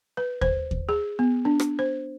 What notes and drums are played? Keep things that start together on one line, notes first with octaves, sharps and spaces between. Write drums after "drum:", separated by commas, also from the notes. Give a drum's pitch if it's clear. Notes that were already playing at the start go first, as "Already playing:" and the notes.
B4
C5, drum: kick D#2
drum: kick D#2
G#4
B3
D4
drum: rim click
C5